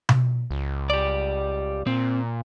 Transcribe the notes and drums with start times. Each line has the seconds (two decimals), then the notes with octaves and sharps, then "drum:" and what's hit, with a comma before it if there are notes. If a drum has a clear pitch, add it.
0.09 drum: tom B2
0.51 C#2
0.90 G4 D5
1.87 A#2 C4